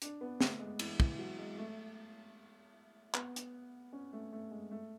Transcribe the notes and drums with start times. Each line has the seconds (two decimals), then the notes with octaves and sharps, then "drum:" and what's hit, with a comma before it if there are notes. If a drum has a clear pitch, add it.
0.02 D4, drum: hi-hat
0.21 B3
0.41 A3, drum: snare
0.60 G#3
0.79 E3, drum: cymbal
1.00 E3, drum: kick
1.19 F#3
1.38 G#3
1.58 A3
3.14 B3, drum: clap
3.36 drum: hi-hat
3.93 C#4
4.13 A3
4.32 A3
4.51 G#3
4.71 A3